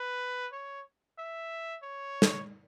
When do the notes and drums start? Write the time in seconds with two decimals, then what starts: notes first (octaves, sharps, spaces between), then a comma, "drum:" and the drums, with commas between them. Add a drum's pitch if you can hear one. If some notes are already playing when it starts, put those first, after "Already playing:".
Already playing: B4
0.52 C#5
1.18 E5
1.83 C#5
2.22 drum: snare